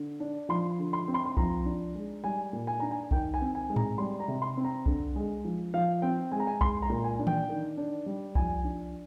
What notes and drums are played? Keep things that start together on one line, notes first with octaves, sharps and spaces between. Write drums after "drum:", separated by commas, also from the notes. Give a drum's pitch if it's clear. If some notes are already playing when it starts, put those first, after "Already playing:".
Already playing: D3
D4
F3 C6
D3
C6
C4
C6
C6
F3 A#5, drum: kick B1
D4
G#3
G3 G#5
A#2
G#5
D4 A#5
G#5
D#3 G5, drum: kick B1
G#5
C4
G#5
G#3
A#5, drum: tom G#2
G3 C6
A#5
C3
C6
C4
A#5
D3, drum: kick B1
G#3
F3
F3 F5
C4 G5
G#3 G#5
A#5
G#5
G#3 C6, drum: kick B1
A#5
A#2
G#5
D4
G5, drum: tom
D#3
D4
G3
F3 G#5, drum: kick B1
D4